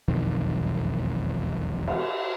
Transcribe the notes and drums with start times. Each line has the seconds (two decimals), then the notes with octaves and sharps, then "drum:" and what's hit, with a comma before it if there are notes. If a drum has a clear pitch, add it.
0.08 E1 B1 F2 D#3
1.87 drum: cymbal